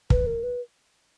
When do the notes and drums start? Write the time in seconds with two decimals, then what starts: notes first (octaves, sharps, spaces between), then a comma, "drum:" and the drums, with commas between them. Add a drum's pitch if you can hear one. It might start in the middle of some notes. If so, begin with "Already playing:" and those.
0.10 B4, drum: kick
0.27 A#4
0.43 B4